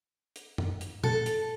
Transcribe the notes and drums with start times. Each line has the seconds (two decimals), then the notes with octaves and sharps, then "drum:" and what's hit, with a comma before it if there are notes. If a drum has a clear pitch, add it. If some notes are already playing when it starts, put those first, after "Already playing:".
0.36 drum: hi-hat
0.58 drum: tom F#2
0.81 drum: hi-hat
1.04 A4, drum: tom
1.26 drum: hi-hat